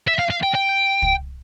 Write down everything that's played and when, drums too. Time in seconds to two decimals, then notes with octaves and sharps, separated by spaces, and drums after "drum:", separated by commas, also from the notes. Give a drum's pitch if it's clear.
0.08 E5
0.19 F5
0.30 F5
0.43 G5
0.55 G5
1.02 drum: kick